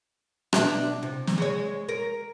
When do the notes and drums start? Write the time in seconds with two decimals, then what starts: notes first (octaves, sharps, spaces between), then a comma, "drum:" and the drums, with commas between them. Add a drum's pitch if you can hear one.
0.53 B2 D4 E5, drum: rim click
1.03 C3
1.27 drum: snare
1.38 G#3 C#5
1.89 A#4